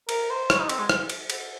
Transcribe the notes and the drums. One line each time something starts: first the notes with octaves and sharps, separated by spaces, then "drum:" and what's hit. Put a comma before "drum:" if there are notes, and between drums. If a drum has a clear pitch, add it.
A#4, drum: cymbal
C5
C#5, drum: rim click
D#4
C4, drum: cymbal
G#3
drum: rim click
drum: cymbal
drum: cymbal